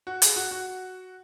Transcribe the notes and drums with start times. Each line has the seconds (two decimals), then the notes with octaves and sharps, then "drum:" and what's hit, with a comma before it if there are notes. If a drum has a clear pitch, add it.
0.07 F#4
0.22 G#4, drum: hi-hat
0.36 F#4
0.51 F#4